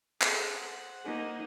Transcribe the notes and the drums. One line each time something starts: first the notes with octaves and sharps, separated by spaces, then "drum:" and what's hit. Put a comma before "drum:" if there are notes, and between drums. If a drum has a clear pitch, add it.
G#4 A4, drum: clap
C5 F#5
A#3 D#4